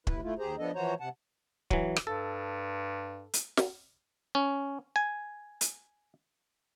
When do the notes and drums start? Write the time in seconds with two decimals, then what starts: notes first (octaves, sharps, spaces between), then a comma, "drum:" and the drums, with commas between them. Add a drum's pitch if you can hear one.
0.07 D#2 E4 B4, drum: kick
0.22 A3 E4 F4
0.39 D#2 G4 G#4 C5 A#5
0.58 F3 B3 D4 A4 D#5
0.75 E3 F3 F#4 C5 C#5 A#5
1.00 C3 F#5 A5
1.70 E3 F#3, drum: kick
1.96 drum: rim click
2.07 G2 A4
3.33 drum: hi-hat
3.57 drum: snare
4.35 C#4
4.96 G#5
5.61 drum: hi-hat